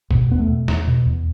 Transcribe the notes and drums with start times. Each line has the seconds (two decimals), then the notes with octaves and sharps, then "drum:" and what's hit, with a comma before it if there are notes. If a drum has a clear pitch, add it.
0.11 B2, drum: kick F#1
0.29 E2 B3
0.39 A3
0.48 B2
0.68 E2, drum: snare
0.87 B2
1.06 E2